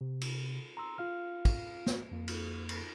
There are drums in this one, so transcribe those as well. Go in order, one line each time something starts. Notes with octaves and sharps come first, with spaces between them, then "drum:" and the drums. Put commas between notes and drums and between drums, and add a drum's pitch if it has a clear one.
C3
drum: cymbal
A#5 C6 E6
F4 F5 F6
drum: kick, cymbal
drum: snare
F2 A#3
drum: cymbal
drum: cymbal